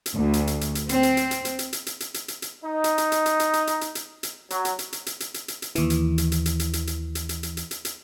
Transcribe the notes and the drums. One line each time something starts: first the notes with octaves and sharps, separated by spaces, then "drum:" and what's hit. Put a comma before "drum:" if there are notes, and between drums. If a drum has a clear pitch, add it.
drum: hi-hat
D2
drum: hi-hat
drum: hi-hat
drum: hi-hat
drum: hi-hat
C4, drum: hi-hat
drum: hi-hat
drum: hi-hat
drum: hi-hat
drum: hi-hat
drum: hi-hat
drum: hi-hat
drum: hi-hat
drum: hi-hat
drum: hi-hat
drum: hi-hat
drum: hi-hat
D#4
drum: hi-hat
drum: hi-hat
drum: hi-hat
drum: hi-hat
drum: hi-hat
drum: hi-hat
drum: hi-hat
drum: hi-hat
drum: hi-hat
drum: hi-hat
F#3, drum: hi-hat
drum: hi-hat
drum: hi-hat
drum: hi-hat
drum: hi-hat
drum: hi-hat
drum: hi-hat
drum: hi-hat
drum: hi-hat
D#2 E3, drum: hi-hat
drum: hi-hat
drum: hi-hat
drum: hi-hat
drum: hi-hat
drum: hi-hat
drum: hi-hat
drum: hi-hat
drum: hi-hat
drum: hi-hat
drum: hi-hat
drum: hi-hat
drum: hi-hat
drum: hi-hat